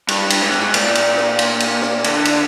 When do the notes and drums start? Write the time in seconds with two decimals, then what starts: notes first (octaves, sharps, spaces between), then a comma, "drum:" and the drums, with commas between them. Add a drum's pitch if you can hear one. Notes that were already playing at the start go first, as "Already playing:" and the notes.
0.08 G2, drum: cymbal
0.30 drum: cymbal
0.41 G#2
0.52 drum: rim click
0.74 A#2, drum: cymbal
0.95 drum: cymbal
1.17 drum: rim click
1.39 drum: cymbal
1.60 drum: cymbal
1.82 drum: rim click
2.04 D3, drum: cymbal
2.25 drum: cymbal